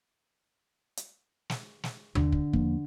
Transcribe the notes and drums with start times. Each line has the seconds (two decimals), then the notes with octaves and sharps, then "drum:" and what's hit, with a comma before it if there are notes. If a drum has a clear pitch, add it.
0.97 drum: hi-hat
1.50 drum: snare
1.84 drum: snare
2.15 D3, drum: tom D#2
2.32 drum: kick
2.53 E2 F3 A#3, drum: kick